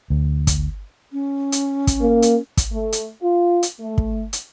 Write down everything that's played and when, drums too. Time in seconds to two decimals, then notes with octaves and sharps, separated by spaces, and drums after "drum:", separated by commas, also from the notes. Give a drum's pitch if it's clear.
0.10 D2
0.47 drum: kick, hi-hat
1.13 C#4
1.52 drum: hi-hat
1.87 drum: kick, hi-hat
2.01 A#3
2.22 drum: hi-hat
2.57 drum: kick, hi-hat
2.72 A3
2.92 drum: hi-hat
3.21 F4
3.63 drum: hi-hat
3.80 A3
3.98 drum: kick
4.33 drum: hi-hat